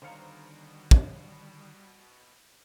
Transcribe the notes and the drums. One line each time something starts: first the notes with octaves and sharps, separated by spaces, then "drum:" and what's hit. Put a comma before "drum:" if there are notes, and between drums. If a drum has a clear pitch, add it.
B2 D3 D#3 G3 C5 C#5 F5 A#5
drum: kick